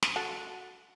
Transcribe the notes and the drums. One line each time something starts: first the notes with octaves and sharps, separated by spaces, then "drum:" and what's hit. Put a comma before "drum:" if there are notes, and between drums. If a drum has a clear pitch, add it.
drum: snare
F#4 A4